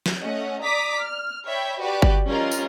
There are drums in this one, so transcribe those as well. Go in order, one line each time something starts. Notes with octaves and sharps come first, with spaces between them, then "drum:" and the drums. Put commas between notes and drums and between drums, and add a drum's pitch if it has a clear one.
drum: snare
A3 C#4 D#5 F#5
D5 A#5 D6 D#6 B6
F6
C#5 D5 E5 G5 B5
F#4 G4 B4 D5 F#6
drum: kick G1
F3 G3 C#4 F4 A#4 D#5
drum: tambourine